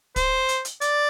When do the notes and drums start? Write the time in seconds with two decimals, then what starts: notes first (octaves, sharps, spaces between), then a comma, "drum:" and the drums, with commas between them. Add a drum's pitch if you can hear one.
0.16 C5, drum: kick, hi-hat
0.48 drum: hi-hat
0.65 drum: hi-hat
0.81 D5, drum: hi-hat